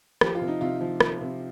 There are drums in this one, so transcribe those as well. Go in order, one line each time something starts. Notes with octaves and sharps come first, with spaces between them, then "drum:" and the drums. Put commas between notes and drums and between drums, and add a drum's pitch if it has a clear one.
F3 G4, drum: rim click
F4
C3
D#4
C3 F4
F3
F3, drum: rim click
C3